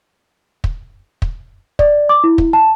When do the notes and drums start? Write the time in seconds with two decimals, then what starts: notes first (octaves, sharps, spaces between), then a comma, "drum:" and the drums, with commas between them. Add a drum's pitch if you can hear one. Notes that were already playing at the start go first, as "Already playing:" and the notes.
0.64 drum: kick
1.22 drum: kick
1.79 D5, drum: kick
2.09 D6
2.24 E4
2.38 drum: kick
2.53 A5